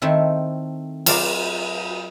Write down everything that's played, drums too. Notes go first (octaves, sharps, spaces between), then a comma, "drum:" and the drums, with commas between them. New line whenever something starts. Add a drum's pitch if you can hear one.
D#3 A3 C4 E4
F#3 F4 G#4 A#4 D5, drum: cymbal